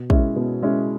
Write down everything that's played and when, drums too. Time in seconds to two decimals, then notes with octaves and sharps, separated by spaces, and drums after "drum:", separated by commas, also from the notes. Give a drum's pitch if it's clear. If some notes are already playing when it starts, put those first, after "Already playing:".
Already playing: B2
0.10 G#3 C#4 E4, drum: kick
0.36 B2
0.63 G#3 C#4 E4